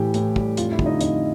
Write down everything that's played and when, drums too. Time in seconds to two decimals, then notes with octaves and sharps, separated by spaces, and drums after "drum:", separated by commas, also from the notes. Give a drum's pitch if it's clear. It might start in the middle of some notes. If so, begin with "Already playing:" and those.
Already playing: A2 E3 G4 G5
0.14 A2, drum: hi-hat
0.36 G3, drum: kick
0.57 F2 F4 F5, drum: hi-hat
0.72 E4 E5
0.79 D3, drum: kick
0.86 D#4 D#5
1.01 F2 D#4 D#5, drum: hi-hat